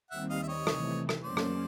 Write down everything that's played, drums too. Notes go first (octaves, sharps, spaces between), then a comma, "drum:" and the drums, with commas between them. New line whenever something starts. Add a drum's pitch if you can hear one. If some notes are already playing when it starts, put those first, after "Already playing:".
D#2 D#3 G3 C4 E5 F#5
D#5 F5
E5
C#5 D#5
C3 E3 A3, drum: rim click
drum: rim click
F#2 C#3 F#3 A#3 C#4 C5 D5
drum: rim click